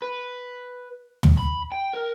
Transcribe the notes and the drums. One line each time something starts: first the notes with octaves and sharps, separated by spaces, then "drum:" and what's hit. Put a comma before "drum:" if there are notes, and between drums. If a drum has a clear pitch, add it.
B4
drum: tom
B5
G5
A#4